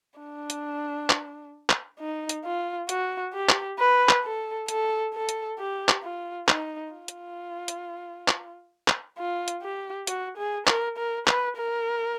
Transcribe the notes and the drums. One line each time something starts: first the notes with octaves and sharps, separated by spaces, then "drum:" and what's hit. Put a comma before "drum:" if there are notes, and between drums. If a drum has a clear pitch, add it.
D4
drum: hi-hat
drum: clap
drum: clap
D#4
drum: hi-hat
F4
F#4, drum: hi-hat
G4
drum: clap
B4
drum: clap
A4
A4, drum: hi-hat
A4
drum: hi-hat
G4
drum: clap
F4
D#4, drum: clap
F4
drum: hi-hat
drum: hi-hat
drum: clap
drum: clap
F4
drum: hi-hat
G4
F#4, drum: hi-hat
G#4
A#4, drum: clap
A#4
B4, drum: clap
A#4